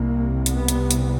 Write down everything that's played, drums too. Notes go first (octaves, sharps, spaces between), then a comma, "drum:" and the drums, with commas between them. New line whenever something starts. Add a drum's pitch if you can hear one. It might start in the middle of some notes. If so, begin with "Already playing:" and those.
Already playing: C2 C3 A#3
B3, drum: hi-hat
drum: hi-hat
drum: hi-hat